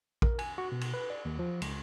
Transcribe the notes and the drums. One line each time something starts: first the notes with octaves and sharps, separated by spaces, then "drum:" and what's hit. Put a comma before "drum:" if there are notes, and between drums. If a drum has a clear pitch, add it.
A#4, drum: kick
G#5, drum: cymbal
F#4
B2
drum: cymbal
B4
D5
D#2
F3
C#2, drum: cymbal